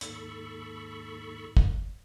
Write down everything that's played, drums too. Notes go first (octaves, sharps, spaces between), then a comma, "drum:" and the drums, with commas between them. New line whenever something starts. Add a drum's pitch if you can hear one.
D#2 G#2 A4 B5 C#6, drum: hi-hat
drum: kick